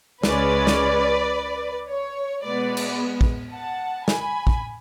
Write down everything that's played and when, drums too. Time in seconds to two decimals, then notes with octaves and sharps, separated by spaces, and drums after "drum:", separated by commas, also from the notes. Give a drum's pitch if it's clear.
0.23 C#2 C#3 G#3 C#4 B4 D5, drum: snare
0.67 drum: snare
1.88 C#5
2.43 B2 G#3 B3 B4 D5
2.77 drum: cymbal
3.21 drum: kick
3.52 F#5 A5
4.08 G#5 B5, drum: snare
4.47 drum: kick